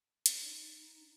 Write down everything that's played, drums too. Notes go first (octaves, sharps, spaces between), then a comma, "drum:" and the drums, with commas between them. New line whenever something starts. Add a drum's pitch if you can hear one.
C#4, drum: hi-hat
D4
D#4
D4